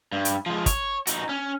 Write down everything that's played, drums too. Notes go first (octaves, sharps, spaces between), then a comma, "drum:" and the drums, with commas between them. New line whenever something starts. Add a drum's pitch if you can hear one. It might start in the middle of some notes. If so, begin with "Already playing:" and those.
G2
drum: hi-hat
F3 G#3
C#5, drum: kick, hi-hat
D#4 F#4, drum: hi-hat
C#4